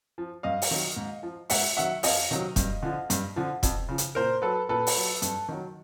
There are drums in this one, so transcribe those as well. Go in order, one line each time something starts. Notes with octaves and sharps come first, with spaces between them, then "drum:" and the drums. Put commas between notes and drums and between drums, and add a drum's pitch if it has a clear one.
F3
G2 D#5 F5
drum: open hi-hat
D#3 F#3
G#2
F3
G#2 E5 F#5, drum: open hi-hat
D#3 F#3 E5 F#5
F2 D#5 F5, drum: open hi-hat
C3 D#3 F#3
G2, drum: kick E1, hi-hat
D3 F3
G2, drum: hi-hat
D3 F3
F2, drum: kick E1, hi-hat
C#3 F3
drum: hi-hat
A#2 A#4 C5
F#3 A4 B4
A#2 A4 B4
drum: open hi-hat
F#3
G2, drum: hi-hat
D#3 F#3